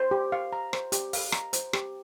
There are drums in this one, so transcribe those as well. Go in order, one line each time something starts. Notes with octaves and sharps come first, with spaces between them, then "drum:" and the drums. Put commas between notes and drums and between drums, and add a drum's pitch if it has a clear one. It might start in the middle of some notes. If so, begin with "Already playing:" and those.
Already playing: C5
G4
F5
A#5
C5, drum: rim click
G4, drum: hi-hat
F5, drum: open hi-hat
A#5, drum: rim click
C5, drum: hi-hat
G4, drum: rim click